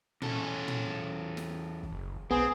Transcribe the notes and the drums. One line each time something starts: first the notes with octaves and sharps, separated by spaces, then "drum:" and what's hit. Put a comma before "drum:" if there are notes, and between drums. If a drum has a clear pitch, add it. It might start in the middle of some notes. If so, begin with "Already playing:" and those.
E2 C#4 A4, drum: tom
drum: tom
drum: snare
drum: kick
F#1
B1 B3 C4 G#4